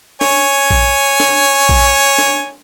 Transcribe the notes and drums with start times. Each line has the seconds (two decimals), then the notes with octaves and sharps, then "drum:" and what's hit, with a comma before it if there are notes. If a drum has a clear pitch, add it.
0.21 C#5 G#5, drum: snare
0.70 drum: kick A#1
1.20 drum: snare
1.69 drum: kick A#1
2.18 drum: snare